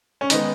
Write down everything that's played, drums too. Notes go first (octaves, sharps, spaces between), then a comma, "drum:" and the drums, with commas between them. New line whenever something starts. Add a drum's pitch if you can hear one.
C#4
D#3 G#3 B3 D#4, drum: hi-hat